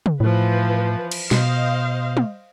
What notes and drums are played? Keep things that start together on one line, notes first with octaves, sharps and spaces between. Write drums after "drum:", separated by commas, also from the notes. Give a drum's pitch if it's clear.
drum: tom
A2 E3 F3 B4
drum: cymbal
B2 C5 D#5 F5, drum: snare
drum: tom